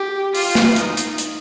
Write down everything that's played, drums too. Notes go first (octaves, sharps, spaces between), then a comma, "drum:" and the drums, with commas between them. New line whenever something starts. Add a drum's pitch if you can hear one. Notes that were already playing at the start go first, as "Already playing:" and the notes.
Already playing: G4
F4, drum: open hi-hat
drum: snare
D#4, drum: hi-hat
drum: hi-hat
drum: hi-hat